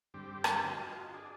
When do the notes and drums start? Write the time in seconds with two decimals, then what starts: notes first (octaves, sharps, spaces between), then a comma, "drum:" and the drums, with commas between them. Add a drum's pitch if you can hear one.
0.14 G2 D3 G3 C4 G4
0.44 drum: rim click
0.65 F4 F#4 D#5
1.14 D4 G#4